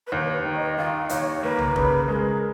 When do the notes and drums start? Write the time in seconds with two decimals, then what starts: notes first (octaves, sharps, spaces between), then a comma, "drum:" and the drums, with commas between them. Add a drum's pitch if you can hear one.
0.07 B4
0.12 D#2 C#5
0.34 B4
0.44 D#3
0.56 D#5
0.77 D#3 F5
1.09 D#2 C#5, drum: hi-hat
1.43 A#3 B4
1.58 drum: tom
1.76 C#3, drum: kick F1
2.08 G#3 A#4